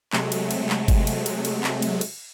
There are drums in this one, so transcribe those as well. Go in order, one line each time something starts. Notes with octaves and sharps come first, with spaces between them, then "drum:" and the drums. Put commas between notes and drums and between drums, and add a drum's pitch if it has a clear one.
C3 F#3 G#3 A3, drum: clap
drum: cymbal
drum: cymbal
drum: clap
drum: kick G1, cymbal
drum: cymbal
drum: cymbal
drum: cymbal
drum: clap
drum: cymbal
drum: cymbal